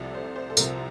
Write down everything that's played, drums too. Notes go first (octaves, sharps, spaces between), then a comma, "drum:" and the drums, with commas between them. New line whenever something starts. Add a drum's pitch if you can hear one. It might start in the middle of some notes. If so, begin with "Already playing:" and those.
Already playing: C2 C3 F3 A4 D5
C5
C5
A4
C2 C3 F3 A#4, drum: tambourine